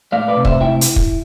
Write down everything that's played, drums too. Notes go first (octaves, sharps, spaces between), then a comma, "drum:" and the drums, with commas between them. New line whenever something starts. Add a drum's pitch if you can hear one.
A3 D5 F5
B4 D5
C3
C5 E5, drum: kick
E4 E5 G5
drum: hi-hat
drum: kick